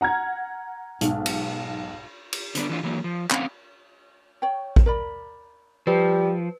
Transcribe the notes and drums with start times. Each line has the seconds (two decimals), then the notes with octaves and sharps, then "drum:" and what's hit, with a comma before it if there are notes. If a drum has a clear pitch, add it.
0.01 F#5 A#5 F6 G#6
1.01 B1 G#2, drum: hi-hat
1.26 drum: cymbal
2.33 drum: cymbal
2.55 D3 B3 D4, drum: hi-hat
2.69 E3 D4 F4
2.83 E3 F#3 A#3
3.04 F3
3.31 D3 C4 C#4 D#5 F5 F#5, drum: clap
4.42 C#5 G5
4.76 drum: kick A1
4.86 A#4 D5 B5
5.87 F3 G3 B4